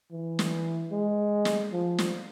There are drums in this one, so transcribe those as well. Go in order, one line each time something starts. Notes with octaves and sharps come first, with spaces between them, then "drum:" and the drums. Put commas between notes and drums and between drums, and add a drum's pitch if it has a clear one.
E3
drum: snare
G#3
drum: snare
F3
drum: snare